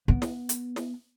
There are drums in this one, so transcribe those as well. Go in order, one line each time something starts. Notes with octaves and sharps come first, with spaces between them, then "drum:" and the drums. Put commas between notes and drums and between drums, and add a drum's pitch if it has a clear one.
B3
drum: snare
drum: hi-hat
drum: snare